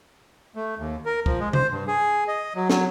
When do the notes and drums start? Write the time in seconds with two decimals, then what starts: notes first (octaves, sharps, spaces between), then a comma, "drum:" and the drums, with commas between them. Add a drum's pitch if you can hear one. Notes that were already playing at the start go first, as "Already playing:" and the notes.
0.55 A3
0.78 D#2
1.06 A#4
1.26 F3, drum: kick
1.40 G#3
1.53 C5, drum: tom C3
1.71 G2
1.88 G#4
2.28 D#5
2.55 F#3
2.70 F#3, drum: snare